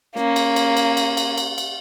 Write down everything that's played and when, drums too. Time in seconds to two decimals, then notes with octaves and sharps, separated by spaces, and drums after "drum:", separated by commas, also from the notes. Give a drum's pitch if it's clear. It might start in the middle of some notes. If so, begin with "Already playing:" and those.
0.16 A#3 C#4, drum: snare
0.36 drum: cymbal
0.56 drum: cymbal
0.77 drum: cymbal
0.97 drum: cymbal
1.17 drum: cymbal
1.38 drum: cymbal
1.58 drum: cymbal